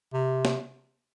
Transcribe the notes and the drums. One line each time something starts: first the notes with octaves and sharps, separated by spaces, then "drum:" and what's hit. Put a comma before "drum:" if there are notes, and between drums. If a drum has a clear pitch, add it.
C3
drum: snare